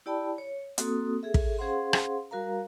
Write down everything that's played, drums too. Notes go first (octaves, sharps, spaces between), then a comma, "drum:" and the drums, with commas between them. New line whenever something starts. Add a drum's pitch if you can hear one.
E4 G4 D5 G5 A5 B5
C#5
A#3 C4 F#4 A4 D#6, drum: hi-hat
G#4 A4 E5
drum: kick
C#4 G#4 C5 F5 F#5 C6
drum: rim click
G3 F#4 A#4 F5 A#5